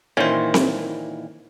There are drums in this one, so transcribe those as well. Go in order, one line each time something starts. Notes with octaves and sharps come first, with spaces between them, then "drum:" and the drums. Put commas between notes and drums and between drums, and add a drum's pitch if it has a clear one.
A#2 D#3 E3 C#4 C5
drum: snare C4